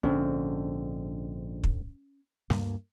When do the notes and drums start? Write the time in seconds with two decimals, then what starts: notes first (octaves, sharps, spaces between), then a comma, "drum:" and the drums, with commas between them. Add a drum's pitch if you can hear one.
0.03 A#1 G#2 D3 C4 C#4
1.64 drum: kick
2.50 D2 G2 A#3, drum: snare